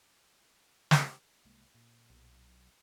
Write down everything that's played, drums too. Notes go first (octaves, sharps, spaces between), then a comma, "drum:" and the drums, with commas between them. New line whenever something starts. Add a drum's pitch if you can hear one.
drum: snare
C2 G#3 A#3
A#2
B1